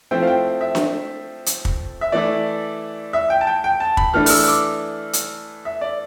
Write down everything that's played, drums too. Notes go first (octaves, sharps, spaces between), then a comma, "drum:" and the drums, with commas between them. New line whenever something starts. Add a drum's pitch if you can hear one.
F3 A3 C4 E4 G5
F5
G5
E5
drum: snare D4
drum: hi-hat
drum: kick
E5
E3 A3 E4 D5
E5
G5
A5
G5
G5
A5
B5, drum: kick
E3 A3 D4 F6
F6, drum: open hi-hat
E6
E6
D6
drum: hi-hat
E5
D5